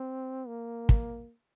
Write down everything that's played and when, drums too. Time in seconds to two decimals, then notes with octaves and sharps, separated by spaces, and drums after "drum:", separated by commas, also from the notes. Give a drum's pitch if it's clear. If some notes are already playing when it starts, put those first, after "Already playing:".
Already playing: C4
0.47 A#3
0.89 drum: kick